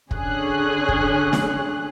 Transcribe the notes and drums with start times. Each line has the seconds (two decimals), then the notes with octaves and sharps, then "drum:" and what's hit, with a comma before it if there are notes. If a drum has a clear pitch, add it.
0.11 D3 C#4 G#4 F#6, drum: kick
0.88 drum: kick
1.33 drum: snare